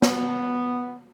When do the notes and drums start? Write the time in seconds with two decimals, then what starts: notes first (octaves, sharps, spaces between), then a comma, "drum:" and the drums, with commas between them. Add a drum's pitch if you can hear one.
0.02 B3, drum: snare